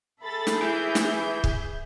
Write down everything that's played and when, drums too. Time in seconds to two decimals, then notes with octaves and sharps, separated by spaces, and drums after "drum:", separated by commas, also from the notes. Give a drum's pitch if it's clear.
0.22 G#4 A4 E5 B5 A6
0.47 drum: snare
0.62 E3 G6
0.95 drum: snare
1.44 drum: kick